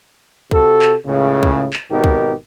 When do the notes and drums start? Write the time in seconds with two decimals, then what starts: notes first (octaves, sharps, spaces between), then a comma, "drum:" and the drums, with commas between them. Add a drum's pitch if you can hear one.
0.51 C3 F#4 A4, drum: kick
0.82 drum: clap
1.05 C#2 A2 C#3
1.43 drum: kick
1.73 drum: clap
1.90 G#1 B2 D#4 G4 A#4
2.04 drum: kick